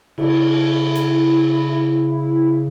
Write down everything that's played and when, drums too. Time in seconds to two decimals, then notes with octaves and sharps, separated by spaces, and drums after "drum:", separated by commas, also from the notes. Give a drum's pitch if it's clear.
0.18 C#3 E4, drum: cymbal
0.95 drum: hi-hat